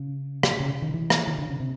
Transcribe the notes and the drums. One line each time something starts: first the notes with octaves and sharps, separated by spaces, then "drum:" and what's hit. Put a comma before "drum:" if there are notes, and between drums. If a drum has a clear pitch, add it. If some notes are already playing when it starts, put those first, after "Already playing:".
Already playing: C#3
drum: rim click
C#3
D#3
E3
drum: rim click
D#3
D3
C#3
C3